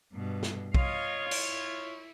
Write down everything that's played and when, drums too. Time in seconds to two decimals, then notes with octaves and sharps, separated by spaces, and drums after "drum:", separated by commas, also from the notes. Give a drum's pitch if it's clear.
0.14 G2 B2
0.43 drum: snare
0.74 F4 C#5 D#5 F5, drum: kick B1
1.31 E4, drum: cymbal